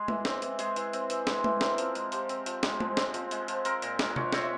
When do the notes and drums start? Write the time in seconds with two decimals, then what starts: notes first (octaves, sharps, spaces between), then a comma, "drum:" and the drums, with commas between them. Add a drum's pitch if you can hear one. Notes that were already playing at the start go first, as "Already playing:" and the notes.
Already playing: G#3 G#4
0.08 E3, drum: tom G#3
0.25 C4, drum: snare
0.42 E3, drum: hi-hat
0.59 G#3 G#4, drum: hi-hat
0.76 E3, drum: hi-hat
0.93 C4, drum: hi-hat
1.10 E3, drum: hi-hat
1.27 G#3, drum: snare
1.44 E3, drum: tom G#3
1.61 C4 A#4, drum: snare
1.78 F3, drum: hi-hat
1.95 G#3, drum: hi-hat
2.12 F3 G4, drum: hi-hat
2.29 C4, drum: hi-hat
2.46 F3, drum: hi-hat
2.63 G#3 G#4, drum: snare
2.80 F3, drum: tom G#3
2.97 C4, drum: snare
3.14 F3, drum: hi-hat
3.31 G#3, drum: hi-hat
3.48 F3, drum: hi-hat
3.65 C4 A#4, drum: hi-hat
3.82 A#2, drum: hi-hat
3.99 G#3, drum: snare
4.16 A#2 C#5, drum: tom C3
4.33 C4 C#5, drum: snare
4.42 E5